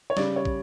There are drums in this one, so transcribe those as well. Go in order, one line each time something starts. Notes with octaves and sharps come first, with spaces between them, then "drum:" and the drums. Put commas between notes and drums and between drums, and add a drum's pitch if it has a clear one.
C#5
C#3 G3 D5, drum: snare
C#5
drum: kick